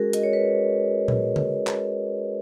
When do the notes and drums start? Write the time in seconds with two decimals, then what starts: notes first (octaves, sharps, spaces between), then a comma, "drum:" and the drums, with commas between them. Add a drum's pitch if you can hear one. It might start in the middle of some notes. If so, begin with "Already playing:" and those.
Already playing: G#3 C#4 F#4 G#4 A#4
0.13 D#5, drum: hi-hat
0.23 C#5
0.33 B4
1.08 drum: tom A#2
1.36 drum: tom C#3
1.67 drum: clap